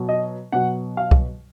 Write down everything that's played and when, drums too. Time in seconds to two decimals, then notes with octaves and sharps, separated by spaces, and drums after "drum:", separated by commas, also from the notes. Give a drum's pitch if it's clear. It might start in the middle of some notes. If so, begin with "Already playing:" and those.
Already playing: B2 F#3
0.09 D#5
0.52 B2 F#3 F#5
0.97 F5
1.11 drum: kick C2